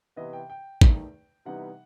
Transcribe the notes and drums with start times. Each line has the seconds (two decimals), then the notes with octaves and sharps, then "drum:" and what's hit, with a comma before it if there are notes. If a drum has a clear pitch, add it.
0.16 C3 E3 B3 D#5
0.33 G5
0.50 G5
0.81 E2 D#3 A3 D#4, drum: kick
1.45 C3 E3 G3 B3 D#4 F#5